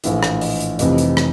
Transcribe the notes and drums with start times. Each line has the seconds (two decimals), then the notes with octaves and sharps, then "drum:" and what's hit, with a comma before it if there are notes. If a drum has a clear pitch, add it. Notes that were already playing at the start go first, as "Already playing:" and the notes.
0.04 A#1 A2 E3 E5, drum: hi-hat
0.23 drum: rim click
0.41 D#5, drum: open hi-hat
0.60 drum: hi-hat
0.79 F1 F2 C3 E3 D#5, drum: hi-hat
0.98 drum: hi-hat
1.17 drum: rim click